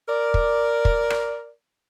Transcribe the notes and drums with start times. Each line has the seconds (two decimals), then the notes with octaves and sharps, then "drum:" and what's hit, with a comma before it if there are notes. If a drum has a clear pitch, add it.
0.09 A#4 D5
0.34 drum: kick
0.85 drum: kick
1.10 drum: rim click